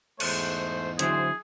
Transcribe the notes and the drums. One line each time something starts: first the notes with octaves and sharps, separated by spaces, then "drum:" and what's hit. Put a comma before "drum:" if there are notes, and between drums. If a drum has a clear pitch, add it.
E2 G#2 A3 C5, drum: cymbal
D3 F#3 E4 G#4 C5, drum: hi-hat